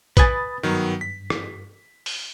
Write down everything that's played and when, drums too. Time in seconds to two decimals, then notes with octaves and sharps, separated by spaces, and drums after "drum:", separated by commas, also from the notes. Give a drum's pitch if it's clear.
0.17 B4 G#5 B5 D#6 A6, drum: kick A1, hi-hat
0.63 G2 D#3 F#3 B3
1.01 B6
1.30 drum: rim click
2.06 drum: open hi-hat